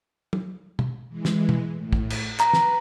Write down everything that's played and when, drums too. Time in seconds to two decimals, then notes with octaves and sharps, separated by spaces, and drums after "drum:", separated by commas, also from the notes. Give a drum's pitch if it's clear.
0.33 drum: tom
0.79 drum: tom
1.08 E3 G#3
1.25 drum: snare
1.49 drum: tom
1.74 A2
1.93 drum: kick
2.10 drum: cymbal
2.40 B4 A#5, drum: clap
2.53 drum: snare